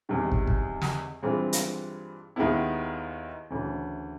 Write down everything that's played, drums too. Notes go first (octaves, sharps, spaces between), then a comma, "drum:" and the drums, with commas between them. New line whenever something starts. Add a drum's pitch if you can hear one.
E2 C3 D#3 G3
drum: kick
drum: kick
drum: snare
G2 E3 G#3 C4 F4
drum: hi-hat
D#2 D#3 G#3 B3 E4
D2 C#3 E3